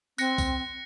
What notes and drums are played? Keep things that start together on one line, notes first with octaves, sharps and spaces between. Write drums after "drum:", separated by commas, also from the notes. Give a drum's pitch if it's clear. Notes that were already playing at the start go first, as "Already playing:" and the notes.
C4 F#6 A#6 C#7, drum: tambourine
drum: kick, tambourine